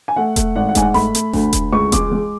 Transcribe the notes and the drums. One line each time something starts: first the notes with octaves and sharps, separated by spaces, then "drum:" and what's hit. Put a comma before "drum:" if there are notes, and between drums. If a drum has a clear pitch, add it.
G#5
A3 F#5
A3, drum: kick E1, hi-hat
G#1 F#5
F#5
G#2 G#5, drum: kick E1, hi-hat
F#5
A3 B5, drum: snare F#1
A3, drum: hi-hat
D2, drum: snare F#1
D2, drum: kick E1, hi-hat
C#2 C#6
G#3 D6, drum: kick E1, hi-hat
G#3